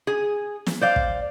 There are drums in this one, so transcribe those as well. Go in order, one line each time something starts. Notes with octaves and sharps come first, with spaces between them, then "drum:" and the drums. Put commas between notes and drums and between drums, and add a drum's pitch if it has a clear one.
G#4
drum: snare
C5 D5 F5
drum: kick